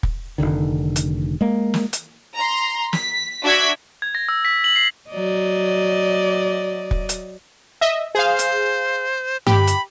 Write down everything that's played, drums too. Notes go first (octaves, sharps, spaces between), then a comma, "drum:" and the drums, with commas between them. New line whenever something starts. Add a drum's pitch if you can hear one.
drum: kick
F1 C#2 D3 D#3
drum: hi-hat
G#3 A#3
drum: snare
drum: hi-hat
A#5 C6
B6, drum: snare
D4 F#4 E5 G#6 B6
G#6
A#6
E6
B6
F#7
C7
F#3 D5 D#5
drum: kick
drum: hi-hat
D#5 E5
G#4 C5 F5
drum: hi-hat
G4 B5, drum: tom G2
drum: hi-hat